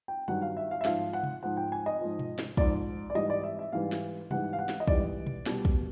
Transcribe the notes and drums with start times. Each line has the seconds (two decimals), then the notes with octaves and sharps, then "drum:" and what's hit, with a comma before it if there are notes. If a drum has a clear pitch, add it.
0.08 G5
0.28 G2 D#3 F#3 F#5
0.42 F5
0.57 E5
0.71 F5
0.81 E5
0.85 G#2 F3 F5, drum: snare
1.13 F#5
1.23 drum: tom C3
1.42 G#2 F3 F#5
1.57 G5
1.72 G#5
1.86 D#5
2.01 G#2 F3
2.19 drum: tom B2
2.39 drum: snare
2.57 G#2 F3 D5, drum: kick
3.10 D5
3.15 G#2 E3 G3 D#5
3.30 D5
3.44 E5
3.59 E5
3.72 G#2 E3 G3 F5
3.92 drum: snare
4.31 G#2 E3 G3 F#5, drum: tom C3
4.53 F5
4.59 F#5
4.69 drum: snare
4.80 D#5
4.88 G#2 E3 G3 D5, drum: kick
5.27 drum: tom B2
5.46 B2 G3, drum: snare
5.65 drum: kick